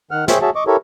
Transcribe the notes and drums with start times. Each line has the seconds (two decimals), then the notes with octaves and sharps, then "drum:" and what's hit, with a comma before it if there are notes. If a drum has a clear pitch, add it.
0.11 D#3 F#5 F6
0.28 G#4 C5 C#5 E5 G5, drum: snare
0.42 F#4 G#4 C#5 E5 A5
0.56 D#5 C#6 D6
0.67 E4 G4 A4 A#4 C#5